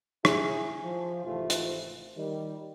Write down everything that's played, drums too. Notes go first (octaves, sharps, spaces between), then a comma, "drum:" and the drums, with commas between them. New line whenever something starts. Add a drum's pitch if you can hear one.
E4 G#4, drum: rim click
F3
G#1 C3 E3 F3 A3 F4
drum: hi-hat
D#3 G3